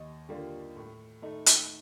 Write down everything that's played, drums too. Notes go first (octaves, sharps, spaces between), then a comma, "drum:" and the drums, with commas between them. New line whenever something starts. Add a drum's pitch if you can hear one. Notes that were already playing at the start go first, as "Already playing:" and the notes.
Already playing: D#2 D#5
D3 G3 A#3 F4
A2
A3 D#4
drum: hi-hat